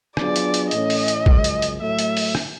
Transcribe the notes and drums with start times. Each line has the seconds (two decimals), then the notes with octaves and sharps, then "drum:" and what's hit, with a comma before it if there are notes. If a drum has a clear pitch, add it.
0.17 F#3 B3 D4 F4 G#4 D5, drum: rim click
0.36 drum: hi-hat
0.54 drum: hi-hat
0.71 A2 E3 A3 C#4 D#5, drum: hi-hat
0.90 drum: open hi-hat
1.08 drum: hi-hat
1.26 F#2 C#3 F3 G#3, drum: kick
1.44 drum: hi-hat
1.62 drum: hi-hat
1.81 A2 F#3 A3 E5
1.99 drum: hi-hat
2.17 drum: open hi-hat
2.35 drum: rim click